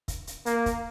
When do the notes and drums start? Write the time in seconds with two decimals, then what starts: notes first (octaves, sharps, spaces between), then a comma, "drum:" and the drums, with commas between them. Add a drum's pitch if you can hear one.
0.08 drum: kick, hi-hat
0.27 drum: hi-hat
0.46 A#3, drum: hi-hat
0.66 drum: kick, hi-hat